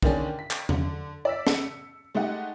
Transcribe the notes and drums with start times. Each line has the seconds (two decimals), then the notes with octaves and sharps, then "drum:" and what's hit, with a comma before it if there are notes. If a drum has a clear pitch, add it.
0.03 D3 D#3 A#3 C#4 D4 G#4, drum: kick B1
0.39 B6
0.51 drum: clap
0.69 D3, drum: tom E2
1.25 D5 E6 B6
1.47 C#7, drum: snare
2.14 G#3 A3 D#4 G4 F#5